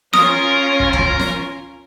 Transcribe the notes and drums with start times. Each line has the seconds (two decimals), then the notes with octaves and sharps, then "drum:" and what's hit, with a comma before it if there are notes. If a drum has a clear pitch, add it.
0.14 C#4 F4 A#4 D#6, drum: snare
0.80 drum: kick
0.93 drum: tom C#2
1.19 drum: snare